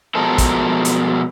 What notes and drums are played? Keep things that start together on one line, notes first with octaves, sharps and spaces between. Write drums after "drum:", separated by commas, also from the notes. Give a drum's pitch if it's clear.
B2 F3 G#3 A4 A#4
drum: kick, hi-hat
drum: hi-hat